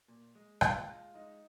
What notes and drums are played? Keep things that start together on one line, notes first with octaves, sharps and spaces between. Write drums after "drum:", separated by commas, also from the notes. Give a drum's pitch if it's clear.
A#2
G#3
A#2 F4, drum: rim click
G#3
G#3 D#4